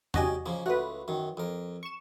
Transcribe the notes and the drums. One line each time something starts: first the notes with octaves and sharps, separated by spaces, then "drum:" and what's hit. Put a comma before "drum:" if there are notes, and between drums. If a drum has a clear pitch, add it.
C#4 F#4 G4 D5 D#5 G#5, drum: tom E2
C#3 F3 A#3
C#2 A3 F#4 B4
F#2 D#3
F2 A#4
C#6 E7